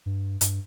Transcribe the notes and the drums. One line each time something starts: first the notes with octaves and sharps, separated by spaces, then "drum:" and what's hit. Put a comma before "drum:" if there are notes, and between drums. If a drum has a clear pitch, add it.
G2
G2, drum: hi-hat